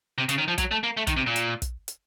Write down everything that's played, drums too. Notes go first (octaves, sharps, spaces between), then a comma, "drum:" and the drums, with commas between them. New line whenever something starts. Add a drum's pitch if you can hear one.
C3
C#3, drum: hi-hat
D#3
F3
F#3, drum: kick, hi-hat
A3
A#3
A3
D#3, drum: kick, hi-hat
C3
A#2
drum: hi-hat
drum: kick, hi-hat
drum: hi-hat